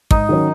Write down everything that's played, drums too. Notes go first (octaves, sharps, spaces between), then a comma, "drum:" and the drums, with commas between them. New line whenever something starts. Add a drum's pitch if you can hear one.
G#2 D#4 D#5, drum: kick
D#3 F#3 C#4